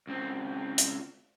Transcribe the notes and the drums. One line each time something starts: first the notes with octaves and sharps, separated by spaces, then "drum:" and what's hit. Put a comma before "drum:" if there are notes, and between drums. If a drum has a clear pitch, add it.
C#2 C4
drum: hi-hat